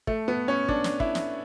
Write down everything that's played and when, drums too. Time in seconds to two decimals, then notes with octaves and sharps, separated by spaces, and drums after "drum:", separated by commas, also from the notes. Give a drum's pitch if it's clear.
0.07 A3, drum: kick
0.28 B3
0.48 C#4
0.68 D4, drum: kick
0.84 drum: snare
1.00 E4, drum: kick
1.15 drum: snare